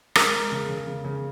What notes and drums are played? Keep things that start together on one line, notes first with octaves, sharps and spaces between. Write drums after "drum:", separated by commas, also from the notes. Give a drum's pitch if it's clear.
G#3 A#4, drum: rim click
G#3
C#3
C#3
C#3
C#3